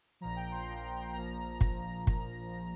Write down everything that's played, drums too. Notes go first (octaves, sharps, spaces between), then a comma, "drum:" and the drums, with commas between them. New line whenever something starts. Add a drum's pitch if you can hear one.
A#1 A#2 F3 A#5
G5
C6
A#1 A#2 F3
A#1 A#2 F3 A#5
drum: kick
drum: kick